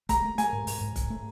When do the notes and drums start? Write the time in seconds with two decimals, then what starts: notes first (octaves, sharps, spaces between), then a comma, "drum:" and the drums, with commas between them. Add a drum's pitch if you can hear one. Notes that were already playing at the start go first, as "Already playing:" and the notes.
0.09 A3 A#5, drum: kick, hi-hat
0.24 A3
0.38 A3 G#5, drum: hi-hat
0.53 G#2
0.67 G#2, drum: open hi-hat
0.81 G#2
0.96 G#2, drum: kick, hi-hat
1.10 A3